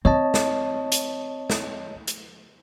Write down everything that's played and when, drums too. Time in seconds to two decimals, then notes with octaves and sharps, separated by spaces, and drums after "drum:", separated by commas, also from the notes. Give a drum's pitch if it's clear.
0.05 C4 C#5 D#5 A5
0.34 drum: snare
0.92 drum: hi-hat
1.50 drum: snare
2.07 drum: hi-hat